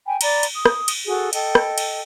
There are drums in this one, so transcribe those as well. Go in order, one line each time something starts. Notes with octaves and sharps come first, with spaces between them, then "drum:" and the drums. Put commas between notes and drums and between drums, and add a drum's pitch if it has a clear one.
G5 G#5 B5
D5 A#5 B5, drum: cymbal
drum: cymbal
D#6
drum: rim click
drum: cymbal
F#4 G#4 A4
A4 D#5 G5, drum: cymbal
drum: rim click
drum: cymbal